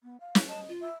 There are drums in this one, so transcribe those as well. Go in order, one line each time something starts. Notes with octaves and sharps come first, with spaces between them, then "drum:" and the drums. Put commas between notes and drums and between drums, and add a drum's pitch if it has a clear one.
B3
F5
E4, drum: snare
D#5 A5
F4
E5